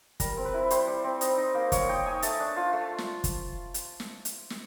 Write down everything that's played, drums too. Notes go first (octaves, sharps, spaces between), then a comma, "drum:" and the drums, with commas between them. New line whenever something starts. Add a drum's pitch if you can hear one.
G3 A#4, drum: kick, hi-hat
C4
B4
E4
G3 C5, drum: hi-hat
G3
C4
D#4, drum: hi-hat
D#4
A#3
A#3 C#5, drum: kick, hi-hat
D#4 G5
D#4 G#5
A3 A5, drum: hi-hat
D4
F4
A3
drum: snare
drum: kick, hi-hat
drum: hi-hat
drum: snare
drum: hi-hat
drum: snare